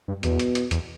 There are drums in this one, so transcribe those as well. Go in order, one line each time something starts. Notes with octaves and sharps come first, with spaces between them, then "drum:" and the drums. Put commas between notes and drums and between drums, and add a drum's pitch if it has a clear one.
G2
E2 B2, drum: hi-hat
drum: hi-hat
drum: hi-hat
E2, drum: hi-hat